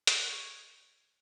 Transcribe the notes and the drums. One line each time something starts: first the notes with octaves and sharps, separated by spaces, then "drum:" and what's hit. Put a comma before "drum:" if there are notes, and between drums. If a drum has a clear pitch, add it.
drum: hi-hat
C#5